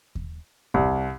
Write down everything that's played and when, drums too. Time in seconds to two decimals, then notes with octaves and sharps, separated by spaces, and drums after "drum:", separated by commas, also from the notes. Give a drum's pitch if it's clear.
0.15 drum: kick D#2
0.74 C2, drum: kick D#2